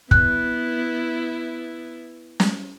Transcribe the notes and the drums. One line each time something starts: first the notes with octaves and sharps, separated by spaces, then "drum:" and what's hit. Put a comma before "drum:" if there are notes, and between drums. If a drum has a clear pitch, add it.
B3 E4 F#6, drum: kick
drum: snare